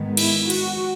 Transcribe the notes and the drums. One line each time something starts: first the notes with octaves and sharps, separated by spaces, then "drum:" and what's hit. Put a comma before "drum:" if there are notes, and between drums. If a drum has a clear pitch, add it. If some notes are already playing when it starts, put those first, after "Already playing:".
Already playing: G#2 D#3 G#3 B3
E4, drum: cymbal
F#4, drum: cymbal